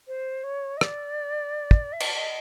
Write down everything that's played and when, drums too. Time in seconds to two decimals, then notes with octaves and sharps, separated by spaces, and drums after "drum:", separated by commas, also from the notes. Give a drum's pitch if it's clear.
0.07 C5
0.43 C#5
0.77 D#5
0.81 D5, drum: rim click
1.71 drum: kick
1.93 E5
2.00 D#5, drum: cymbal
2.07 D5
2.15 D#5